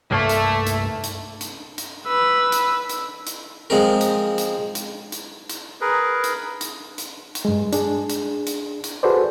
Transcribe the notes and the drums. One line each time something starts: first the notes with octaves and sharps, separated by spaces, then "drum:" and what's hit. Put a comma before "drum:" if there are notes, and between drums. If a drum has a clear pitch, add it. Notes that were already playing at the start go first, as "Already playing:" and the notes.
C2 G2 A3 A#3
drum: hi-hat
drum: hi-hat
drum: hi-hat
drum: hi-hat
drum: hi-hat
B4 E6
drum: hi-hat
drum: hi-hat
drum: hi-hat
F3 G#3 C4 A#4
drum: hi-hat
drum: hi-hat
drum: hi-hat
drum: hi-hat
drum: hi-hat
G#4 A#4 B4
drum: hi-hat
drum: hi-hat
drum: hi-hat
drum: hi-hat
G2 G#3
D4 G#4, drum: hi-hat
drum: hi-hat
drum: hi-hat
drum: hi-hat
F#4 G#4 A4 B4 C5 D5